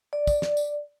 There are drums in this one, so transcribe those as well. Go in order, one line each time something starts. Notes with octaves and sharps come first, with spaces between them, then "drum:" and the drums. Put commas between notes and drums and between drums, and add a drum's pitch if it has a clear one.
D5
drum: kick, tambourine
drum: snare
drum: tambourine